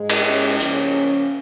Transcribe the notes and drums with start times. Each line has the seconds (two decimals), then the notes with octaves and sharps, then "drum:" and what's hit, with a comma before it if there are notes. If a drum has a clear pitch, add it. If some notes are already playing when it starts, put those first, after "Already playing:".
Already playing: G#2 G#3
0.10 drum: cymbal
0.25 C#4
0.60 C#3 F3 A#3 C#4, drum: tambourine